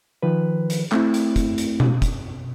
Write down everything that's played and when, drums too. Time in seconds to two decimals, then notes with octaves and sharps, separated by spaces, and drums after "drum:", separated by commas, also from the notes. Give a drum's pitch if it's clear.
0.23 D#3 F3 B4
0.70 drum: hi-hat
0.92 A3 C4 E4, drum: clap
1.14 drum: hi-hat
1.36 drum: kick, hi-hat
1.58 drum: hi-hat
1.80 drum: tom B2
2.02 drum: kick, hi-hat